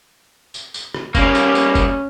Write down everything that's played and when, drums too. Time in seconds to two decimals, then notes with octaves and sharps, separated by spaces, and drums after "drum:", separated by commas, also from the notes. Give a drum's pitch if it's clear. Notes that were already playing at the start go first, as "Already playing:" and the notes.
0.54 drum: tambourine
0.74 drum: tambourine
0.94 drum: rim click
1.15 G3 A#3 C#4, drum: kick F#1, tambourine
1.35 drum: tambourine
1.55 drum: tambourine
1.75 drum: kick F#1, tambourine